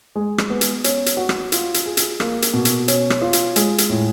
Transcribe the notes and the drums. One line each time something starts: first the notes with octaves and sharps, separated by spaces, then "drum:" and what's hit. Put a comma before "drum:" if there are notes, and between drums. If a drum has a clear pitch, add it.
G#3
drum: rim click
B3
drum: hi-hat
C#4, drum: hi-hat
drum: hi-hat
F#4
drum: rim click
F4, drum: hi-hat
drum: hi-hat
G#4
drum: hi-hat
A#3, drum: rim click
drum: hi-hat
B2
drum: hi-hat
C#4, drum: hi-hat
drum: rim click
F4
drum: hi-hat
G#3, drum: hi-hat
drum: hi-hat
A2